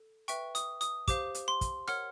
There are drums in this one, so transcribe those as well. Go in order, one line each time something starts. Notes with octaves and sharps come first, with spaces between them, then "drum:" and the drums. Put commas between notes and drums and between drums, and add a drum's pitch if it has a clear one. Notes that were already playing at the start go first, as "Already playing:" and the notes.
Already playing: A4
B4 E5 G5 C#6, drum: hi-hat
D#6, drum: hi-hat
D#6, drum: hi-hat
G4 C5 F5 D6, drum: kick, hi-hat
drum: hi-hat
C6
drum: kick, hi-hat
A#4 C#5 F#5 F6, drum: rim click